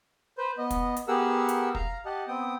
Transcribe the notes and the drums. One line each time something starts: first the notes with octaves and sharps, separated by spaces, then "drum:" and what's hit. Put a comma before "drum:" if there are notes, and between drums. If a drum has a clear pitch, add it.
B4 C5
B3 D#5
drum: kick, hi-hat
drum: hi-hat
B3 G4 G#4 A#4 F#5 E6
drum: hi-hat
F5 A#5, drum: kick
G4 D#5 F#5 A5
B3 C4 G5 D#6